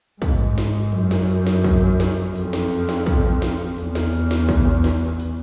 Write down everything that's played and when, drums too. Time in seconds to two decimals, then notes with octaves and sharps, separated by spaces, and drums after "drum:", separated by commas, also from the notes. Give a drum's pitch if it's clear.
0.22 G#2, drum: kick, hi-hat
0.58 drum: snare
0.93 F#2
1.11 drum: snare
1.29 drum: hi-hat
1.47 drum: snare
1.64 drum: kick, hi-hat
2.00 drum: snare
2.36 F2, drum: hi-hat
2.53 drum: snare
2.71 drum: hi-hat
2.89 drum: snare
3.06 drum: kick, hi-hat
3.42 drum: snare
3.78 E2, drum: hi-hat
3.95 drum: snare
4.13 drum: hi-hat
4.31 drum: snare
4.49 drum: kick, hi-hat
4.84 drum: snare
5.20 drum: hi-hat